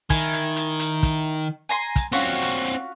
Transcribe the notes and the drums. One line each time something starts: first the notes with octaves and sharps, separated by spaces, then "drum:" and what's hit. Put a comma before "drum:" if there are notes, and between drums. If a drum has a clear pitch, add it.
D#3 E4 G#5, drum: kick, hi-hat
drum: hi-hat
drum: hi-hat
drum: hi-hat
drum: kick, hi-hat
G#5 A#5 C6
drum: kick, hi-hat
C4 C#4 F4 F#4 C#5
drum: hi-hat
drum: hi-hat